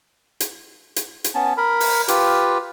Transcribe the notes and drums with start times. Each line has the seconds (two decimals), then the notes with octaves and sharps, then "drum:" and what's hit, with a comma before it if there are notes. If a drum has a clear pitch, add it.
0.40 drum: hi-hat
0.96 drum: hi-hat
1.24 drum: hi-hat
1.35 B3 C#4 A5
1.57 A#4 B5
1.80 drum: open hi-hat
2.08 F4 G4 B4, drum: hi-hat